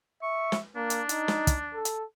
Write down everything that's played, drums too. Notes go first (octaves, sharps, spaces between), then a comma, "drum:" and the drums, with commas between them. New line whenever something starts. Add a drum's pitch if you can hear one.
E5 C#6
drum: snare
A#3 D4
drum: hi-hat
D#4, drum: hi-hat
drum: snare
drum: kick, hi-hat
A4
drum: hi-hat